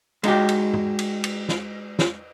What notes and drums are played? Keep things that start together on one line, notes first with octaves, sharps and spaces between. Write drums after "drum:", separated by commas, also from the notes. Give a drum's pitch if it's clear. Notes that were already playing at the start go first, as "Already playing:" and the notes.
G#3 D#4 F#4 G4, drum: cymbal
drum: cymbal
drum: tom
drum: cymbal
drum: cymbal
drum: snare
drum: snare